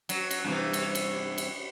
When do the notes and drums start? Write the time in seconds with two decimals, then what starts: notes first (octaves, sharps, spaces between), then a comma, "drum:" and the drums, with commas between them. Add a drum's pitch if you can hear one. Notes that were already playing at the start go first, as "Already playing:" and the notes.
0.09 F#3, drum: cymbal
0.31 drum: cymbal
0.44 G2 C3 E3
0.73 drum: cymbal
0.95 drum: cymbal
1.38 drum: cymbal